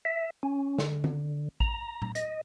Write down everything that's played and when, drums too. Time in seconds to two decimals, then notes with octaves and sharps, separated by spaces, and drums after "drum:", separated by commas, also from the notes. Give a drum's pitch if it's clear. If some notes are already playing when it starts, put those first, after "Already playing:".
0.05 E5
0.43 C#4
0.78 D3, drum: snare
1.04 drum: tom
1.60 A#5, drum: kick A1
2.02 drum: tom A#2
2.15 D#5, drum: hi-hat